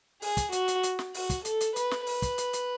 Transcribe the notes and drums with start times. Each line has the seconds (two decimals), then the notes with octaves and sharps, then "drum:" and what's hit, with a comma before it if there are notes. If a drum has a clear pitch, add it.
0.22 G#4, drum: open hi-hat
0.37 drum: kick, hi-hat
0.52 F#4, drum: hi-hat
0.68 drum: hi-hat
0.83 drum: hi-hat
0.99 drum: snare
1.14 F#4, drum: open hi-hat
1.30 drum: kick, hi-hat
1.45 A4, drum: hi-hat
1.60 drum: hi-hat
1.76 B4, drum: hi-hat
1.91 drum: snare
2.07 B4, drum: open hi-hat
2.22 drum: kick, hi-hat
2.38 drum: hi-hat
2.53 drum: hi-hat